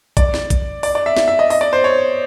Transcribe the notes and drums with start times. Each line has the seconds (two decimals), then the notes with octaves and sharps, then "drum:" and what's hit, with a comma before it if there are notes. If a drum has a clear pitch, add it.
0.17 D5, drum: kick, hi-hat
0.34 drum: snare
0.50 drum: kick, hi-hat
0.83 D5, drum: open hi-hat
0.95 D5
1.06 E5
1.17 E5, drum: snare
1.28 E5
1.39 D#5
1.50 D#5, drum: open hi-hat
1.61 D5
1.73 C5
1.84 C#5